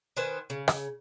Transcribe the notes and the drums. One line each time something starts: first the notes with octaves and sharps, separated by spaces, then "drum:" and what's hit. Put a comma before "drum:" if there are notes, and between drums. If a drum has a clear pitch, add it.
D#3 B4 C5 G#5
C#3
drum: rim click